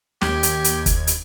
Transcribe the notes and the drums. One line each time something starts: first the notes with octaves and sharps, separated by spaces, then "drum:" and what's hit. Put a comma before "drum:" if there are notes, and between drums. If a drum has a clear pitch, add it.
D#2 G4 G#6, drum: snare
drum: hi-hat
drum: hi-hat
drum: kick, hi-hat
drum: hi-hat